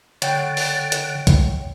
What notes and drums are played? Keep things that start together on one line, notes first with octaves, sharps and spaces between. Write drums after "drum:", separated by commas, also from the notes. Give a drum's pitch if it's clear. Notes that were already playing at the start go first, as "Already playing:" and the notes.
D3 C#5 F#5 G5, drum: hi-hat
drum: open hi-hat
drum: hi-hat
drum: kick A#1, hi-hat